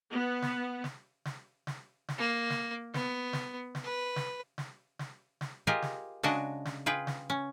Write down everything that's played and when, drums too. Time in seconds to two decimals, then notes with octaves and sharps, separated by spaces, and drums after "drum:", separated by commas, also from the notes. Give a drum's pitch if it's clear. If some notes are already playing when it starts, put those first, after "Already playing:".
0.11 B3
0.42 drum: snare
0.84 drum: snare
1.25 drum: snare
1.67 drum: snare
2.08 drum: snare
2.18 A#3
2.50 drum: snare
2.94 B3, drum: snare
3.33 drum: snare
3.75 drum: snare
3.84 B4
4.16 drum: snare
4.58 drum: snare
4.99 drum: snare
5.41 drum: snare
5.67 F4 G4 G#4 A#4 D#5 G#5
5.82 drum: snare
6.23 C#3 G#3 D4 F#4 D#5 A5, drum: snare
6.65 drum: snare
6.86 F4 G#4 B4 G5
7.07 drum: snare
7.30 C#4